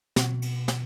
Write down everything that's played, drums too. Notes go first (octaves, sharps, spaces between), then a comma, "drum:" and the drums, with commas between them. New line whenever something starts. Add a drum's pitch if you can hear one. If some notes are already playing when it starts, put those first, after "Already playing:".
B2, drum: snare
drum: cymbal
drum: snare